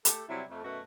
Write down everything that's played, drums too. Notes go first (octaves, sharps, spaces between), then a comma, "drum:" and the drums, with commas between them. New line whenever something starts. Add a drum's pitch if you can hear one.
A3 G4 A4, drum: hi-hat
C3 F#3 G3 E4
F2 A3
F#2 B2 A3 F#4 E5